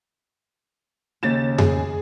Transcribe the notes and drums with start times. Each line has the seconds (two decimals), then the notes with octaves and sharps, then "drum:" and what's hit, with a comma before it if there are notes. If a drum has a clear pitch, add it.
1.23 D#2 C#3 A6 E7
1.58 G#4, drum: tom F2